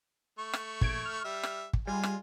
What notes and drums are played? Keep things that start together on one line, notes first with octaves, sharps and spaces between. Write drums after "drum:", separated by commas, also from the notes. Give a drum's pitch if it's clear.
A3 C#6
drum: rim click
A#1 G#6 D7, drum: kick
F6
G3 E5
drum: rim click
drum: kick
G3 G#3 F4 G#5
drum: rim click